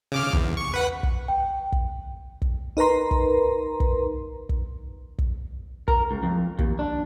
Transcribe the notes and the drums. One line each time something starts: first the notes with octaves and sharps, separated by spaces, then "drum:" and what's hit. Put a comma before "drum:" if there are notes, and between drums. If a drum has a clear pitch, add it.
C#3 D6 F6
E2, drum: kick
C#6
B4 F#5
drum: kick
G5
drum: kick
drum: kick
D#4 A#4 B4 A#5 C6
drum: kick
drum: kick
drum: kick
drum: kick
A#4, drum: kick
C#2
F2
D#2, drum: kick
D4